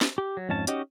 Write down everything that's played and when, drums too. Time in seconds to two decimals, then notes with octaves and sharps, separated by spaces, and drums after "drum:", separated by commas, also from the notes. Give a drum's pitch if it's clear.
0.01 drum: snare
0.18 G4
0.37 F#3
0.49 F2 G#2 C#4 A5
0.67 C#4 D#4 F#4 G4 D#5, drum: hi-hat